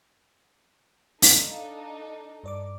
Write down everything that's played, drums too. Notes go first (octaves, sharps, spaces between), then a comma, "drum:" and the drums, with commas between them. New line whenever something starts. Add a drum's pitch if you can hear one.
D4 D#4 A4 F5, drum: open hi-hat
G2 D5 D6